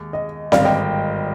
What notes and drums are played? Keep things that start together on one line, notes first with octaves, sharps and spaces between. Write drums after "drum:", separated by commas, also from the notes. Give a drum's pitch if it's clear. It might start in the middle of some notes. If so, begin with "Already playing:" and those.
Already playing: D#2 G#3
D#5
G#1 G2 D3 D5 F5, drum: snare C4
D#5 G5